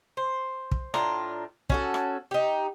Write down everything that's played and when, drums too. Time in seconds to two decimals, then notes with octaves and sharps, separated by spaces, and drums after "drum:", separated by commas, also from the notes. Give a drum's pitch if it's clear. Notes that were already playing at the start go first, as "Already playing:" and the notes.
0.17 C5
0.71 drum: kick
0.94 A2 D4 F4 A#5, drum: rim click
1.70 C#4 F#4 A4, drum: kick
1.94 drum: rim click
2.31 D#4 G4